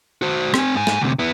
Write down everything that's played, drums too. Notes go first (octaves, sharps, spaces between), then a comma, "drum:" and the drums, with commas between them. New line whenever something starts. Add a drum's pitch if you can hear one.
F#4 C5
C4 G#5, drum: rim click
G#2 G#5
drum: snare
D2 C3
B3 E4